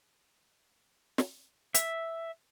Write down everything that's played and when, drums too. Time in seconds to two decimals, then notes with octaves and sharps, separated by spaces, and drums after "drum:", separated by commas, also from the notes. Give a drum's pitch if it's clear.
1.18 drum: snare
1.74 E5, drum: hi-hat